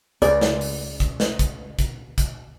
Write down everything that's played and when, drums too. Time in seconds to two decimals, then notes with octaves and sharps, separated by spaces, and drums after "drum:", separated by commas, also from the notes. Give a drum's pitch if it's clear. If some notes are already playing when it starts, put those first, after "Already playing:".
0.22 C#2 D5, drum: hi-hat
0.41 drum: snare
0.61 drum: open hi-hat
1.00 drum: kick, hi-hat
1.20 drum: snare
1.39 drum: kick, hi-hat
1.79 drum: kick, hi-hat
2.18 drum: kick, hi-hat